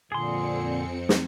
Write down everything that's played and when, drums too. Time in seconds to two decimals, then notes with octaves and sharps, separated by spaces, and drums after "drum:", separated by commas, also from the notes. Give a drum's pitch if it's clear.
0.12 F2 A#2 D3 C4 G#4 C6 C#7
1.09 drum: snare